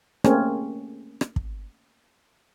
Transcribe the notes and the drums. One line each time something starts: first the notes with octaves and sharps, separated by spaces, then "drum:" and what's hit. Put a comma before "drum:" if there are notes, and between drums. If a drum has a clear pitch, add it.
A3 A#3 C4 C#4 G#4, drum: rim click
drum: rim click
drum: kick